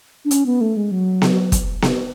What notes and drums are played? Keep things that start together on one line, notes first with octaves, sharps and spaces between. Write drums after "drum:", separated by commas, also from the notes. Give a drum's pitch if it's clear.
D4
C#4, drum: hi-hat
B3
A3
G#3
F#3
drum: snare B3
drum: kick, hi-hat
drum: snare B3